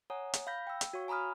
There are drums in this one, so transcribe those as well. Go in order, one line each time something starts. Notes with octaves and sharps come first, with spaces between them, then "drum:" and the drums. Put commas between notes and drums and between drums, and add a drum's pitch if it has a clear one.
C#5 F#5 G#5 A#5 D#6
drum: hi-hat
F5 B5 G6 A#6 B6
G5 E6
drum: hi-hat
F#4 C#5 F5 C#6
G#5 A#5 B5 D#6 F6